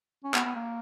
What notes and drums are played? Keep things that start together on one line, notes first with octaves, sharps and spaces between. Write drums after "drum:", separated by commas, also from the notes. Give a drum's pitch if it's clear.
C#4
B3, drum: clap
B3
A#3